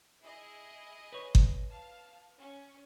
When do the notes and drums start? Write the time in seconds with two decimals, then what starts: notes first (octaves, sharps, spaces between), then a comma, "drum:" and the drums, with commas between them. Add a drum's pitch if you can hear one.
0.22 E4 G#4 D#5
1.13 B4 C#5
1.35 drum: kick G1
1.71 F5 A5
2.38 C#4